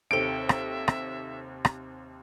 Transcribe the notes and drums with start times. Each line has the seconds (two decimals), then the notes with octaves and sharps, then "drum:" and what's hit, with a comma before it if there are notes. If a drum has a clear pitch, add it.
0.11 D#2 C3 D#4 A4 E5 D7
0.49 drum: rim click
0.88 drum: rim click
1.65 drum: rim click